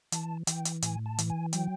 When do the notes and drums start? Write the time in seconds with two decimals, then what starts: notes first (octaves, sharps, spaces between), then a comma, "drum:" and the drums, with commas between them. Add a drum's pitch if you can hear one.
0.12 E3 A5, drum: hi-hat
0.47 E3 G5, drum: hi-hat
0.65 drum: hi-hat
0.82 A2 G#5, drum: hi-hat
1.06 A5
1.18 E3, drum: hi-hat
1.30 G#5
1.53 F#3 G5, drum: hi-hat